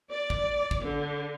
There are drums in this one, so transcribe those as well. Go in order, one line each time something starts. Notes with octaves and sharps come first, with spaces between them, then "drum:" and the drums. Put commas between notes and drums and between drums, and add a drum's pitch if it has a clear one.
D5
drum: kick
drum: kick
D3